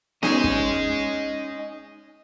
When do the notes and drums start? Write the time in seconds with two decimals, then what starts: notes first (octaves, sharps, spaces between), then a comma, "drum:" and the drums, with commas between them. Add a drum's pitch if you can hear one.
0.23 C#4 D#4 D#5 G#5, drum: snare B3
0.44 drum: kick